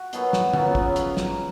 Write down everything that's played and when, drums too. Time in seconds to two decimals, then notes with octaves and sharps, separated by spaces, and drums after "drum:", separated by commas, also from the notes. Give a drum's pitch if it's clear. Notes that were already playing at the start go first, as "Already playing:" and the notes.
Already playing: F#4
0.13 B2 F#3 B3, drum: hi-hat
0.33 drum: snare
0.53 C#3 F#3 B3 F4, drum: tom
0.75 drum: kick
0.96 drum: hi-hat
1.17 drum: snare